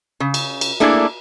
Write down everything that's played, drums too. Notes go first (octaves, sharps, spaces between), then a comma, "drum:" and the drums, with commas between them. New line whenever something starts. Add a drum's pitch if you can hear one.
C#3
drum: cymbal
drum: cymbal
A3 A#3 D4 E4 G#4